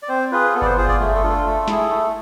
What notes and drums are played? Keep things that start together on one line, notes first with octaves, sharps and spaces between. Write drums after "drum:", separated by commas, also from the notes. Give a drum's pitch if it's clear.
D5
C4 C5
F4 G#4 B4
B3 A4
D5, drum: kick G1
C5
F4 G#4 C5
D5, drum: kick G1
A3 G#4
A4
D4 F4
A4
A3 A4
E4 G#4, drum: snare
A3